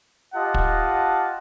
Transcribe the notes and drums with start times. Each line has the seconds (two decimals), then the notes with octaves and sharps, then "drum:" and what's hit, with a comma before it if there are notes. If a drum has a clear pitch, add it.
0.34 F4 G4 D#5 F#5 A5
0.54 drum: kick